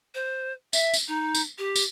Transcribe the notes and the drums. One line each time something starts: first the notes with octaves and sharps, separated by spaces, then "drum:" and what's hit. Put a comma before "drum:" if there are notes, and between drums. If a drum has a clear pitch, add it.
C5
E5, drum: tambourine
drum: tambourine
D#4
drum: tambourine
G4
drum: tambourine